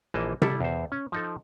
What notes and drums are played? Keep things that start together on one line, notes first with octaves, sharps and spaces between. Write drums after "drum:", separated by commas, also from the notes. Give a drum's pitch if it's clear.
A#1 E3 A#3 D#5 A5
G3 E4 A4, drum: tom C3
E2 C5
C#4
F3 D#4 A4